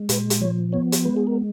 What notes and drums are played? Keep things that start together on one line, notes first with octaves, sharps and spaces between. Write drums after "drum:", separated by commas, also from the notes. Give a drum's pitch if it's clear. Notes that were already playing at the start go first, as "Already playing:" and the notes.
Already playing: G#3
A#2 B4, drum: hi-hat
drum: hi-hat
F3 C#5
B3 C#5
C#5, drum: hi-hat
G#3 B4
G#4
A#4